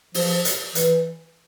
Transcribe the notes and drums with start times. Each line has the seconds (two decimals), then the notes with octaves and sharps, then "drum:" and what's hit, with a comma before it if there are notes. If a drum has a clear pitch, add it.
0.14 F3, drum: open hi-hat
0.45 drum: hi-hat
0.75 E3, drum: hi-hat